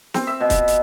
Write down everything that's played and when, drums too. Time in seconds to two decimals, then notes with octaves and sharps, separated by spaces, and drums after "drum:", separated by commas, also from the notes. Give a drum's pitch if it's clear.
0.14 C4, drum: snare
0.27 E5
0.40 B2
0.50 drum: kick, hi-hat
0.68 drum: hi-hat